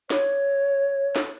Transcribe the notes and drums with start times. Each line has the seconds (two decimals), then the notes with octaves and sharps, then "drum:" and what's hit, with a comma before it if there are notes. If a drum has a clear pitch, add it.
0.10 C#5, drum: snare
1.16 drum: snare